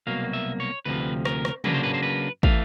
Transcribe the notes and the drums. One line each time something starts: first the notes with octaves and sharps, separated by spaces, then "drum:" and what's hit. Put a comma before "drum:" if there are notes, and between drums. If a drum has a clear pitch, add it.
C2 B2 F#3 A#3 F5
E5
C#5
D2 C3 F3 B4
A#4, drum: rim click
drum: rim click
C#3 F#3 A#3 D4 B4, drum: tom
C5
B4
C5
B4
C3 E3 A3 F5, drum: kick